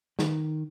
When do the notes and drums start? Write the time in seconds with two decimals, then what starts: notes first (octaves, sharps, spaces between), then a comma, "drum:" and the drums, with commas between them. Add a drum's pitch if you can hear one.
0.19 D#3, drum: snare